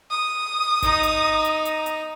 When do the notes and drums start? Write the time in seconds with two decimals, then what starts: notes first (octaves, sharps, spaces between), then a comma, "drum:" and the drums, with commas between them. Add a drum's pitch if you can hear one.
0.11 D#6
0.82 D#4 A#5, drum: kick G#1, hi-hat
1.03 drum: hi-hat
1.45 drum: hi-hat
1.65 drum: hi-hat
1.86 drum: hi-hat